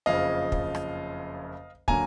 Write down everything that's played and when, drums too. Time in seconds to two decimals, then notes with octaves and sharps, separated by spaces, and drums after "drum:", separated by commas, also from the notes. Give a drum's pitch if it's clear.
0.06 F#1 F2 C#3 F3 D#5 F5
0.52 drum: kick
0.75 drum: rim click
1.88 D3 F#3 A#3 G#5 A#5, drum: kick